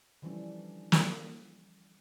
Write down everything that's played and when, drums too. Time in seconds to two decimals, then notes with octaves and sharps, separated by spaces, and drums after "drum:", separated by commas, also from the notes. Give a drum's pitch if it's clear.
0.22 D3 E3 F3 G3 C#4 D4
0.92 drum: snare